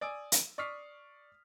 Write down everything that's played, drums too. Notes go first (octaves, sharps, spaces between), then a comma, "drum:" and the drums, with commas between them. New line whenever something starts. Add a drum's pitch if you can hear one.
D5 G#5 D#6 E6 D7
drum: hi-hat
D5 C#6 D#6 F6 B6 C7